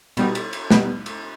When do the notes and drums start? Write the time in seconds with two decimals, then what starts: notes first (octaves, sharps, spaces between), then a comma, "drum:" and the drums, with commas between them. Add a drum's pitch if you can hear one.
0.17 B2 G3 B3 D#4, drum: cymbal
0.35 drum: cymbal
0.53 drum: cymbal
0.70 B2 G3 B3 D#4, drum: snare
1.06 drum: cymbal